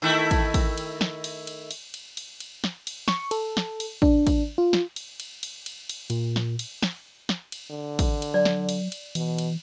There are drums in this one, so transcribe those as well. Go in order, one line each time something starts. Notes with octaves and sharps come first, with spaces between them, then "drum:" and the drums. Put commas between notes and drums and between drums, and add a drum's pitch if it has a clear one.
D#3 A3 E4
drum: kick, cymbal
drum: kick, cymbal
drum: cymbal
drum: snare
drum: cymbal
drum: cymbal
drum: cymbal
drum: cymbal
drum: cymbal
drum: cymbal
drum: snare
drum: cymbal
C#6, drum: snare
A4, drum: cymbal
drum: snare
drum: cymbal
D4, drum: kick
drum: kick, cymbal
F4
drum: snare
drum: cymbal
drum: cymbal
drum: cymbal
drum: cymbal
drum: cymbal
A#2, drum: cymbal
drum: snare
drum: cymbal
drum: snare
drum: snare
drum: cymbal
D3
drum: kick, cymbal
drum: cymbal
F#3 D5
drum: snare
drum: cymbal
drum: cymbal
B2 E3, drum: cymbal
drum: cymbal